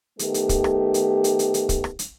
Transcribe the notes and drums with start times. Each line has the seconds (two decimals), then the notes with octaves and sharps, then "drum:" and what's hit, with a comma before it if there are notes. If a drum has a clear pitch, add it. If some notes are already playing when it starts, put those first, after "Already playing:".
0.19 D#3 A3 B3 G4, drum: hi-hat
0.34 drum: hi-hat
0.49 drum: kick, hi-hat
0.64 drum: rim click
0.94 drum: hi-hat
1.24 drum: hi-hat
1.39 drum: hi-hat
1.54 drum: hi-hat
1.69 drum: kick, hi-hat
1.84 drum: rim click
1.99 drum: hi-hat